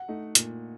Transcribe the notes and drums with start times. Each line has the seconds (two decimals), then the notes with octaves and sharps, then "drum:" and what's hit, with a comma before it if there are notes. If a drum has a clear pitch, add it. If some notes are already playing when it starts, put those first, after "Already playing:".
Already playing: F#5
0.08 A3 D#4
0.35 A#2, drum: hi-hat